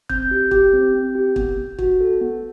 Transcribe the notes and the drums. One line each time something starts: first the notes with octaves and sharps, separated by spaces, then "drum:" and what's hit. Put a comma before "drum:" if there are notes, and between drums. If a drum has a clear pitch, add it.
C4 G6, drum: kick
G4
G4, drum: kick
C4
C4
G4
B3, drum: kick
B3
F#4, drum: kick
A4
B3